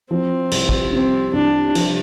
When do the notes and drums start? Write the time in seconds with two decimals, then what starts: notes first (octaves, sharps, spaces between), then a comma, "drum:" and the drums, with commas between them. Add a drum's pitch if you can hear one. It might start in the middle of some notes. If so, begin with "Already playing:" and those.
0.11 F3 C4
0.51 C2, drum: cymbal
0.69 drum: kick
0.92 C3 C4
1.33 C2 D4
1.75 F3, drum: cymbal